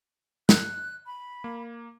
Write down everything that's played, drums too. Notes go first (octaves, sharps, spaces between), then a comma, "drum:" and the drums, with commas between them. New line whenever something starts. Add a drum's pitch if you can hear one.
F#6, drum: snare
B5
A#3